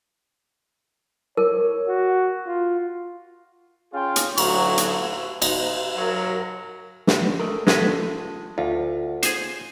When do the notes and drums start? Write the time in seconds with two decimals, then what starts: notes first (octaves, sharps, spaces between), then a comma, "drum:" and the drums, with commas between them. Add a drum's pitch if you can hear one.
1.37 A#4 C#5
1.87 F#4
2.46 F4
3.93 C#4 F4 G#4 G5
4.16 drum: hi-hat
4.38 A2 D3 F#3 G#4 A#5 C#6, drum: cymbal
4.78 drum: hi-hat
5.42 D#4, drum: cymbal
5.96 F#3 A#4
7.07 drum: snare
7.39 G#3 A3 A#4
7.67 F3 G#3 A3 A4 B4, drum: snare
8.58 D2 F4
9.23 G#4 C5, drum: hi-hat